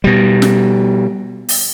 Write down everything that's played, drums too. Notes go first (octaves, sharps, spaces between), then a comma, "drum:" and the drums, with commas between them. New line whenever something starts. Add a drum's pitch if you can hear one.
B2 G3
drum: snare
drum: open hi-hat